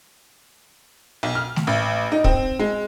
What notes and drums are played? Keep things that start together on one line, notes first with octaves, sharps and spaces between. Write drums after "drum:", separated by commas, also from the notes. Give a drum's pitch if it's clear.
B1
F6
drum: snare A3
A1
D#4
C4, drum: kick
G#3